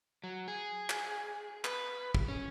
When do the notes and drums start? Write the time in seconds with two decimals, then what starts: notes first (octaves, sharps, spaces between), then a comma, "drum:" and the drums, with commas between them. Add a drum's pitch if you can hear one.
0.24 F#3
0.48 G#4
0.90 drum: clap
1.65 B4, drum: clap
2.14 drum: kick
2.28 C#4